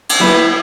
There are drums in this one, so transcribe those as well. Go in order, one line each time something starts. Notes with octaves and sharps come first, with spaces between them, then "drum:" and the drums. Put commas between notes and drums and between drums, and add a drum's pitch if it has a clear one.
drum: cymbal
F#3 B3 E4